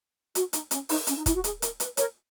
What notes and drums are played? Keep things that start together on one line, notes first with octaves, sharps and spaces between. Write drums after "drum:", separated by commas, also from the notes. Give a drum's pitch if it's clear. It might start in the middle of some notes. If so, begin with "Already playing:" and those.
F#4, drum: hi-hat
D#4, drum: hi-hat
C#4, drum: hi-hat
D#4, drum: open hi-hat
C#4, drum: hi-hat
D#4
E4, drum: kick, hi-hat
F#4
G#4, drum: hi-hat
A#4, drum: hi-hat
B4, drum: hi-hat
A#4 C#5, drum: hi-hat